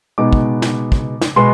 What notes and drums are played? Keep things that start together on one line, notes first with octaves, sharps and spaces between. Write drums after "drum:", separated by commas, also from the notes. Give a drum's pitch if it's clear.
B2 G#3 B3 D#4 D6
drum: kick
drum: snare
drum: kick
drum: snare
B2 G#3 B3 C6